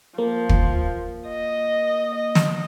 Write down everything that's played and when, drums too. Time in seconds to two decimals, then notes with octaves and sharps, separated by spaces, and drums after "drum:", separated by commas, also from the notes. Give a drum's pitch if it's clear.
0.18 F3 A#3
0.49 drum: kick
1.28 D#5
2.14 D#5
2.35 drum: snare